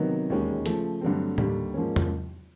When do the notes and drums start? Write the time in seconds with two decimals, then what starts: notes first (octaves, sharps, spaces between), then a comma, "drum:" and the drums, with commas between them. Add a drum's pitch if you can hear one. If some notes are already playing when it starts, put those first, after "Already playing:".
Already playing: C3 D#3 F#3 B3 D#4
0.30 E1 D#2 D#3 G#3 C#4
0.66 C#3 F3 A3, drum: hi-hat
1.01 G2 D3 F#3 A3 C4
1.38 D#2 D3 G3, drum: tom A2
1.74 G#2 F3 A#3 C#4
1.96 drum: tom E2